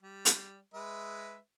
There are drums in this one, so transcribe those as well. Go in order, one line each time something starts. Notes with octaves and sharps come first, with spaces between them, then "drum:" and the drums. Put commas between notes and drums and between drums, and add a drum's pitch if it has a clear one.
G3
drum: hi-hat
G#3 B4 E5